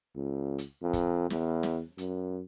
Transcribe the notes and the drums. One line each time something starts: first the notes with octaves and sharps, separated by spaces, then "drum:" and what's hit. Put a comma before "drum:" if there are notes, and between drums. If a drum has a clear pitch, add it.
C#2
drum: hi-hat
F2
drum: kick, hi-hat
E2, drum: snare
drum: snare
F#2, drum: hi-hat